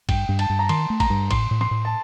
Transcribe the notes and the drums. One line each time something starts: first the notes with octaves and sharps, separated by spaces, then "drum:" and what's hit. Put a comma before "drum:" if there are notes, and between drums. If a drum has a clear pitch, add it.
G2 G5, drum: kick G#1, cymbal
G2
A5, drum: cymbal
G2
A#5
D#3 C6, drum: cymbal
A3
A#5, drum: kick G#1, cymbal
G2
A2 C6, drum: kick G#1, cymbal
A2
C6, drum: snare
A2
A5